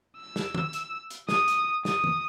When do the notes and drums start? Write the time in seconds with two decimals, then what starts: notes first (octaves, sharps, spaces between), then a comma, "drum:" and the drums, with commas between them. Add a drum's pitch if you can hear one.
0.17 E6
0.36 drum: snare
0.55 drum: tom
0.73 drum: hi-hat
1.10 drum: hi-hat
1.29 D#6, drum: snare
1.48 drum: hi-hat
1.85 D#6, drum: snare
2.04 drum: tom